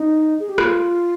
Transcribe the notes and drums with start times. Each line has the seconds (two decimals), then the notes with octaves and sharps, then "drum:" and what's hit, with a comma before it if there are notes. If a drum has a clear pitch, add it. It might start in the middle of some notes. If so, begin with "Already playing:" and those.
Already playing: D#4
0.40 G#4
0.49 G4
0.58 F4, drum: rim click